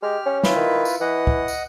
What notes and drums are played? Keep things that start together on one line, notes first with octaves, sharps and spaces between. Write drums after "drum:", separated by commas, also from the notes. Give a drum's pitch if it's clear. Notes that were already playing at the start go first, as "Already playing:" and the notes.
G#3 G4 F6
C#4
E4 F4 B4, drum: snare
D#3
drum: tambourine
E3 D#5 F#5
drum: kick
drum: tambourine